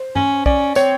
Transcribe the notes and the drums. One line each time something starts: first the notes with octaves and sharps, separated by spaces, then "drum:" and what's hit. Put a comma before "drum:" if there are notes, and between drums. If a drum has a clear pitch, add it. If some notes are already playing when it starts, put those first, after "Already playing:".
Already playing: C5
C#4, drum: tom G2
C#4 D5, drum: kick
C4 C#5, drum: tambourine